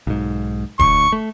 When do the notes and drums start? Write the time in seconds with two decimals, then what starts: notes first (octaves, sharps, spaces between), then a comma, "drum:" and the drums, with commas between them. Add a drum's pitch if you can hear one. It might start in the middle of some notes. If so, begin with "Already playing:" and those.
0.07 B1 G#2
0.79 D2 C#6, drum: kick E1
1.12 A3